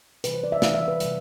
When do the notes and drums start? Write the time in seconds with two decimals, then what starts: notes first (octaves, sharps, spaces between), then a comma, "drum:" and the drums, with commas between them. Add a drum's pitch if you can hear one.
0.24 C3 E3 G3 B4, drum: hi-hat
0.34 C5
0.44 D5
0.52 E5
0.62 C3 E3 G3 F5, drum: snare
0.75 E5
0.88 B4
1.00 C3 E3 G3, drum: hi-hat